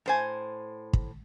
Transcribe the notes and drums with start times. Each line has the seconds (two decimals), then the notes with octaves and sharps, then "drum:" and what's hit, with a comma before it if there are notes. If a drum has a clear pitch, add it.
0.06 A2 C5 G#5
0.93 drum: kick